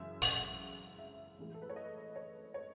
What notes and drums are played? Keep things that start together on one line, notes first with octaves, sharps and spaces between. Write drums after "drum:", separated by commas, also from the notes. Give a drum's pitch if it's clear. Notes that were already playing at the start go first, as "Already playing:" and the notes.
Already playing: F#2 C#3 E3 G#3 E5
F#5, drum: open hi-hat
E5
A2 E3 G#3
A4
B4
C#5
D#5
C#5
C#5